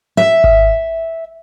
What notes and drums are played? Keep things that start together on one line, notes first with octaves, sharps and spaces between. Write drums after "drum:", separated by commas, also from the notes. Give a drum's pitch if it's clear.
E5
drum: kick G#1